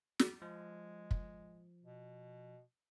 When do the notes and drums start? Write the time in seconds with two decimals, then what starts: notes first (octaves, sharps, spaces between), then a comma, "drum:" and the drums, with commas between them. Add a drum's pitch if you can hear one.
0.19 drum: snare
0.42 F3 G#3
1.11 drum: kick
1.83 B2